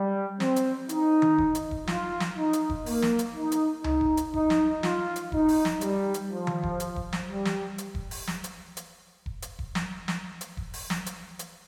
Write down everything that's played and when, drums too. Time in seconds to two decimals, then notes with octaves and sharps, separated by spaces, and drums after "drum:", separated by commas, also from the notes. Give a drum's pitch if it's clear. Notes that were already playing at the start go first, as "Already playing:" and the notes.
Already playing: G3
0.40 C4, drum: snare
0.56 drum: hi-hat
0.89 D#4, drum: hi-hat
1.22 drum: tom D#3
1.38 drum: kick E1
1.55 drum: hi-hat
1.71 drum: kick E1
1.87 F4, drum: snare
2.20 drum: snare
2.37 D#4
2.53 drum: hi-hat
2.70 drum: kick E1
2.86 A#3, drum: open hi-hat
3.02 drum: snare
3.19 drum: hi-hat
3.35 D#4
3.52 drum: hi-hat
3.84 D#4, drum: tom C#2
4.01 drum: kick E1
4.17 drum: hi-hat
4.34 D#4, drum: kick E1
4.50 drum: snare
4.83 F4, drum: snare
5.16 drum: hi-hat
5.32 D#4, drum: kick E1
5.49 drum: open hi-hat
5.65 drum: snare
5.81 G3, drum: hi-hat
6.14 drum: hi-hat
6.31 F3
6.47 drum: tom D#3
6.63 drum: kick E1
6.80 drum: hi-hat
6.96 drum: kick E1
7.13 drum: snare
7.29 G3
7.45 drum: snare
7.78 drum: hi-hat
7.95 drum: kick E1
8.11 drum: open hi-hat
8.27 drum: snare
8.44 drum: hi-hat
8.77 drum: hi-hat
9.26 drum: kick E1
9.42 drum: hi-hat
9.59 drum: kick E1
9.75 drum: snare
10.08 drum: snare
10.41 drum: hi-hat
10.57 drum: kick E1
10.74 drum: open hi-hat
10.90 drum: snare
11.06 drum: hi-hat
11.39 drum: hi-hat